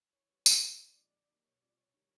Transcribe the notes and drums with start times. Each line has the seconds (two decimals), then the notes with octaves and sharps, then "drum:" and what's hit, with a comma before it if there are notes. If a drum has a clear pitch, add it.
0.13 E3 C#5
0.29 G3 B3
0.46 A3, drum: tambourine
0.62 C4 F4 A#4
0.78 A#2 D5
0.95 F3 G#3 C4 D#4
1.12 D3
1.28 F#3 A#3 D#4 G4
1.45 B2 C#5
1.61 G3 C4 F4 D5
1.78 C3 C#5
1.94 D#3 G3